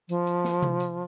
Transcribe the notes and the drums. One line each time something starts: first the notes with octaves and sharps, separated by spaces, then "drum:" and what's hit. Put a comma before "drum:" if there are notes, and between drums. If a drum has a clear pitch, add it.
F3, drum: hi-hat
drum: hi-hat
drum: snare
drum: tom C3
drum: hi-hat